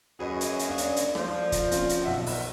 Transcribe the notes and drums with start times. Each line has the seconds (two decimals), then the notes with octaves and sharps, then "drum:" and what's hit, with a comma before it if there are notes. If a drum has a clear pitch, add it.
0.19 F#2 F#4 G#4 B4 C#5 D#5
0.41 drum: hi-hat
0.59 drum: hi-hat
0.69 C#4 D4 D5 F5
0.78 drum: hi-hat
0.96 drum: hi-hat
1.15 F3 F4 A4 D5, drum: rim click
1.52 drum: kick, hi-hat
1.71 C4 C#4 F4, drum: hi-hat
1.89 drum: hi-hat
2.03 B1 E5 F#5
2.26 drum: open hi-hat